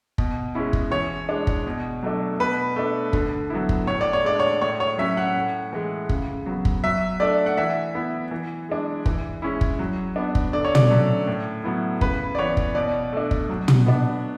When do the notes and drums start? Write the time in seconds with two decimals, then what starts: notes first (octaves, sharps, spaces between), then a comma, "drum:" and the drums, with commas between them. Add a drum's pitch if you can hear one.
0.18 B2, drum: kick
0.55 G#3 C#4 E4
0.73 drum: kick
0.91 E3 C#5
1.29 G#3 D4
1.47 drum: kick
1.66 B2
2.03 F#3 A3 D4
2.39 B2 B4
2.76 A3 D4
3.13 D3, drum: kick
3.50 F#3 B3 E4
3.69 drum: kick
3.87 A2 C#5
4.01 D5
4.13 C#5
4.25 G#3 D4 D5
4.40 C#5
4.62 A2 C#5
4.80 C#5
4.98 F#3 C#4 E5
5.17 F#5
5.36 A2
5.73 E3 G#3
6.09 C#3, drum: kick
6.46 F#3 B3
6.65 drum: kick
6.84 F#3 E5
7.20 A3 D4 D5
7.46 F#5
7.57 E3 E5
7.95 B3 E4
8.31 E3
8.69 G#3 D4
9.06 E3, drum: kick
9.42 G#3 C#4 E4
9.61 drum: kick
9.79 F#3
10.16 B3 D4
10.35 drum: kick
10.53 D3 D5
10.65 C#5
10.75 D5, drum: tom
10.91 F#3 A3 C#4
11.27 A2
11.64 F#3 B3 E4
12.01 C#3 B4, drum: kick
12.35 D5
12.39 E3 B3 C#5
12.57 drum: kick
12.75 B2 D5
13.12 A3 D4
13.31 drum: kick
13.49 F#3
13.68 drum: tom
13.86 B3 D4